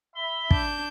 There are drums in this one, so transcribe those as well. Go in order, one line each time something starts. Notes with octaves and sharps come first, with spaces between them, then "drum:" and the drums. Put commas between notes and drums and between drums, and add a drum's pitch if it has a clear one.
E5 B5 G7
D4 G6, drum: kick